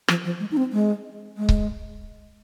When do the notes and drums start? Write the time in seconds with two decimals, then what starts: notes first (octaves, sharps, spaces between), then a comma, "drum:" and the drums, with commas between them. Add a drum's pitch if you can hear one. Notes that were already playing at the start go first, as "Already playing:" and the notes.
0.08 F3, drum: rim click
0.24 F3
0.40 G#3
0.51 D#4
0.57 C4
0.72 G#3
1.38 G#3
1.49 drum: kick C#1